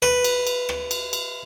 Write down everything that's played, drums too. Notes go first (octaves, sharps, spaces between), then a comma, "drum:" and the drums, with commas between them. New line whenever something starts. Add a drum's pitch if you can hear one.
B4, drum: rim click
drum: cymbal
drum: cymbal
drum: rim click
drum: cymbal
drum: cymbal